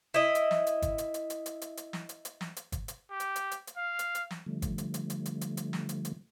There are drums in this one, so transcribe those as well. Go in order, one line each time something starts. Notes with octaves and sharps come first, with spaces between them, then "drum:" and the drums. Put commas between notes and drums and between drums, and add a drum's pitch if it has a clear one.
E4 D#5
drum: hi-hat
drum: snare
drum: hi-hat
drum: kick, hi-hat
drum: hi-hat
drum: hi-hat
drum: hi-hat
drum: hi-hat
drum: hi-hat
drum: hi-hat
drum: snare
drum: hi-hat
drum: hi-hat
drum: snare
drum: hi-hat
drum: kick, hi-hat
drum: hi-hat
G4
drum: hi-hat
drum: hi-hat
drum: hi-hat
drum: hi-hat
F5
drum: hi-hat
drum: hi-hat
drum: snare
D3 F3 G3 A3
drum: kick, hi-hat
drum: hi-hat
drum: hi-hat
drum: hi-hat
drum: hi-hat
drum: hi-hat
drum: hi-hat
drum: snare
drum: hi-hat
drum: hi-hat